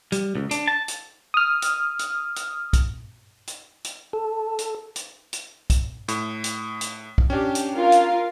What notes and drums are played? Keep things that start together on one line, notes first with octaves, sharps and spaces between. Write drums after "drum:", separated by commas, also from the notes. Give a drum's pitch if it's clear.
G3, drum: hi-hat
C#2
D4, drum: hi-hat
A5
drum: hi-hat
D#6 F6
drum: hi-hat
drum: hi-hat
drum: hi-hat
drum: kick, hi-hat
drum: hi-hat
drum: hi-hat
A4
drum: hi-hat
drum: hi-hat
drum: hi-hat
drum: kick, hi-hat
A2, drum: hi-hat
drum: hi-hat
drum: hi-hat
drum: kick
C#4 D4 G4
drum: hi-hat
F4 A#4 F5
drum: hi-hat